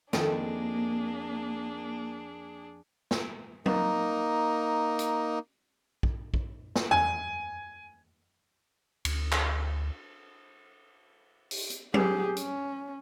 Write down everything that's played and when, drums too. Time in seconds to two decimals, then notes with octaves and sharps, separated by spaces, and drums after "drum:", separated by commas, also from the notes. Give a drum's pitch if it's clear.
0.13 F2 D#3 F3 A#3 D4 G#4, drum: snare
3.11 drum: snare
3.66 A#3 D#4, drum: tom F#3
4.99 drum: hi-hat
6.03 drum: kick
6.34 drum: kick
6.76 drum: snare
6.91 G#5, drum: tom E2
9.05 D2, drum: cymbal
9.32 drum: clap
11.51 drum: open hi-hat
11.70 drum: hi-hat
11.94 G4 G#4, drum: tom F#3
12.37 C#4, drum: hi-hat